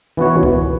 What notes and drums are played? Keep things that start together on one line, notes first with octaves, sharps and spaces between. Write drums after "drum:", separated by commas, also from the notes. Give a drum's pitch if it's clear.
E3 B3 F#4 C#5
drum: kick C#2